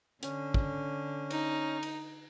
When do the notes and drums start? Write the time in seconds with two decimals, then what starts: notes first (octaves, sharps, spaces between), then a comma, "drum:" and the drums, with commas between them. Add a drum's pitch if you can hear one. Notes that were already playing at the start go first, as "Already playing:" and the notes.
0.23 D3 C#4, drum: hi-hat
0.54 drum: kick A1
1.30 D#4, drum: cymbal
1.83 drum: cymbal